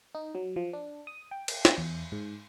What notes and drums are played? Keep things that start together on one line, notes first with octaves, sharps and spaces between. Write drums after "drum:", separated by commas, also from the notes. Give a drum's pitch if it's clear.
D#4
F#3
F3
D4
D#6
G5
drum: cymbal
drum: snare
E2
G#2